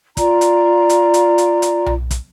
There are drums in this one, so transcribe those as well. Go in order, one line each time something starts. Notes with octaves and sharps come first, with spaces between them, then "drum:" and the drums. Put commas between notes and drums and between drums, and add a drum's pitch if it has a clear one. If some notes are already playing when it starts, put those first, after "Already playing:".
F4 D5 A#5, drum: kick, hi-hat
drum: hi-hat
drum: hi-hat
drum: hi-hat
drum: hi-hat
drum: hi-hat
drum: tom B1
drum: kick, hi-hat